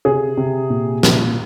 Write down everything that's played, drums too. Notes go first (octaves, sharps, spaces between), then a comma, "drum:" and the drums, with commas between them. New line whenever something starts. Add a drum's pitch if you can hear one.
C3 G#4
C3
A#2
A#2, drum: snare